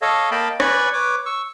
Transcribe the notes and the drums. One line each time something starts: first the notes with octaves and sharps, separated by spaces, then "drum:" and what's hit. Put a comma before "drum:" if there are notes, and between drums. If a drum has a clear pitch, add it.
A4 C#5 D#5 F5
A#3 D#5 F5 G5 A5 B5
B4 C#5 D5 G#5 B5 C#6, drum: rim click
B4 C#5 D6
C#6 E6